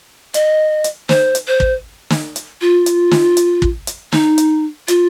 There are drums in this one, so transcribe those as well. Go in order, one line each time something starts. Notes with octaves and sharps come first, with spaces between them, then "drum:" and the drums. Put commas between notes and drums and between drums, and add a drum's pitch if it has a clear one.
D#5, drum: hi-hat
drum: hi-hat
C5, drum: snare
drum: hi-hat
C5
drum: kick
drum: snare
drum: hi-hat
F4
drum: hi-hat
drum: snare
drum: hi-hat
drum: kick
drum: hi-hat
D#4, drum: snare
drum: hi-hat
F4, drum: hi-hat